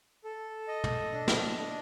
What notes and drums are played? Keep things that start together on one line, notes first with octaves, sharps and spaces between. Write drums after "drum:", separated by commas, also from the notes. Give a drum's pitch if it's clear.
A4
D#5
drum: tom
D4
drum: snare
D4